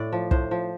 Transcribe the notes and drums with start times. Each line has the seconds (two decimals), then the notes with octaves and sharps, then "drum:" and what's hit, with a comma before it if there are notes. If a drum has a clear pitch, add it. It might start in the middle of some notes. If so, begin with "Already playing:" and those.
Already playing: A2 D5
0.12 F3
0.31 A2 C5, drum: kick
0.51 F3